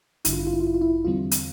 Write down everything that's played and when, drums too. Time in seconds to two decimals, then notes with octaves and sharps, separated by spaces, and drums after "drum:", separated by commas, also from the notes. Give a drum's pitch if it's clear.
0.25 A1 G2 D3 E4, drum: hi-hat
0.33 F4
0.39 E4
0.47 F4
0.54 E4
0.60 F4
0.67 E4
0.74 F4
0.81 E4
1.05 E2 D3 G3 C4 F4
1.31 drum: hi-hat